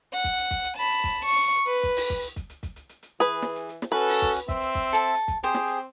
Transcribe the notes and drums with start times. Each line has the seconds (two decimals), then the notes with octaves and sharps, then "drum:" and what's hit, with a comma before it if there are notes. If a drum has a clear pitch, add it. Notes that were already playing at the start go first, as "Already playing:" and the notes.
0.13 F#5
0.24 drum: kick, hi-hat
0.37 drum: hi-hat
0.51 drum: kick, hi-hat
0.64 drum: hi-hat
0.77 A5 B5
0.90 drum: hi-hat
1.04 drum: kick, hi-hat
1.25 C#6
1.43 drum: hi-hat
1.57 drum: hi-hat
1.66 B4
1.83 drum: kick, hi-hat
1.97 drum: open hi-hat
2.10 drum: kick, hi-hat
2.23 drum: hi-hat
2.36 drum: kick, hi-hat
2.50 drum: hi-hat
2.63 drum: kick, hi-hat
2.76 drum: hi-hat
2.89 drum: hi-hat
3.03 drum: hi-hat
3.20 E3 G#4 B4
3.42 drum: snare
3.56 drum: hi-hat
3.69 drum: hi-hat
3.82 drum: snare
3.92 C#4 F#4 A4 B4
4.09 drum: open hi-hat
4.22 drum: kick, hi-hat
4.35 drum: hi-hat
4.48 C4 E5, drum: kick, hi-hat
4.62 drum: hi-hat
4.75 drum: kick, hi-hat
4.93 A4 A5
5.15 drum: hi-hat
5.28 drum: kick, hi-hat
5.43 C4 G4 G#4 C5
5.54 drum: snare
5.68 drum: hi-hat